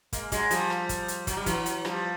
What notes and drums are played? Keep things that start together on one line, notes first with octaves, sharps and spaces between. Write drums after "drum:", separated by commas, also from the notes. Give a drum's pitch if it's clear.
G#3 A#3, drum: kick, hi-hat
F#3 G#3, drum: kick, hi-hat
F3 G3, drum: hi-hat
drum: rim click
drum: kick, hi-hat
drum: hi-hat
F#3, drum: kick, hi-hat
G3
E3 F#3, drum: kick, hi-hat
drum: hi-hat
F3 G3, drum: rim click